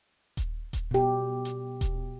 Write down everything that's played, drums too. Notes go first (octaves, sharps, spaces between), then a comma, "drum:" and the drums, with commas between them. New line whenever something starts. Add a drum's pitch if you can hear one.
drum: kick D#1, hi-hat
drum: kick D#1, hi-hat
B2 G4
drum: hi-hat
drum: kick D#1, hi-hat